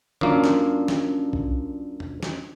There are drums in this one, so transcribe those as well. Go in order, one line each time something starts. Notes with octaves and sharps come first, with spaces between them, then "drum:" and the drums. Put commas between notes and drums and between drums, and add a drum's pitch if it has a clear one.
F#2 A#3 C#4 D4 F4, drum: tom D3
drum: snare
drum: snare
drum: kick B1
drum: tom E2
drum: snare